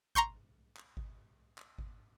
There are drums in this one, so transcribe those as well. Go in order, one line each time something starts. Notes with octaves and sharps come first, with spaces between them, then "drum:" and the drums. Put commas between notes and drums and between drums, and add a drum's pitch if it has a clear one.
A#5 C6 C#6 G6, drum: kick G#1
drum: clap
drum: kick G#1
drum: clap
drum: kick G#1